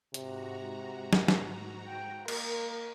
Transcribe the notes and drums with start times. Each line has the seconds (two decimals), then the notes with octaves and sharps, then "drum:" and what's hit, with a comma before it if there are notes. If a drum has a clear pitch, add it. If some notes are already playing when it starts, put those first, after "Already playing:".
0.14 G#2 C3 F#4 A#5, drum: hi-hat
1.13 drum: snare
1.28 drum: snare
1.89 G5
2.28 A#3 A#4, drum: cymbal